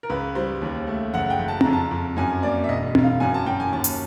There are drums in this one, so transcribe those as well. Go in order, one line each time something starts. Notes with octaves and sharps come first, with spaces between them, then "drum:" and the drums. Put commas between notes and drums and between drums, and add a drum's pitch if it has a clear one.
A#4
C#2 B4
G3 C5
D#2
A3
F#1 F#5
G5
F#1
A5
A#5, drum: tom C4
F2
A5
F2
F#2 G#5
A#3 D5
E5
E1 D#5
E1, drum: tom C4
F5
F#2 G#5
A5
F#2 G5
G#5
D#2 A5
drum: hi-hat